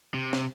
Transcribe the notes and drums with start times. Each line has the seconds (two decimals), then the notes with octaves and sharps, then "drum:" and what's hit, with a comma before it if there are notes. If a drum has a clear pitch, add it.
0.14 C3
0.33 drum: snare